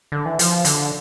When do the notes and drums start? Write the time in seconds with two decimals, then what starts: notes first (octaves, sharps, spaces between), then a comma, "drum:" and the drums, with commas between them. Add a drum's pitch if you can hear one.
0.12 D3
0.25 E3
0.39 F3, drum: hi-hat
0.65 D3, drum: hi-hat